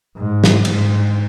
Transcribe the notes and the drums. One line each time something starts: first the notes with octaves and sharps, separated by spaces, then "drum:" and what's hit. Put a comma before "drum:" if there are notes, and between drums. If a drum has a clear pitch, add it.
G#2
drum: snare
G#2, drum: cymbal